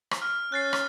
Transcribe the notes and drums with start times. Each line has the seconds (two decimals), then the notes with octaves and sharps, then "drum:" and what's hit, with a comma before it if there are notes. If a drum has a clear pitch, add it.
0.11 drum: rim click
0.22 F6
0.52 C#4 F#6 A6 C7
0.73 drum: rim click